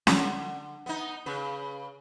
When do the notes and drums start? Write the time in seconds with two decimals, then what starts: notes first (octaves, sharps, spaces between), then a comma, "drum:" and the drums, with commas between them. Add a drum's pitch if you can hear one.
0.07 D3, drum: snare C#4
0.86 B3 D#4
1.26 C#3 B4